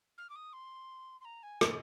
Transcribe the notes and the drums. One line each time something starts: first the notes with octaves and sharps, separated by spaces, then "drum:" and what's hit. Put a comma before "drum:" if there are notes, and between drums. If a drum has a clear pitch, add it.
F6
D6
D#6
C6
C6
A#5
G#5
D#5, drum: rim click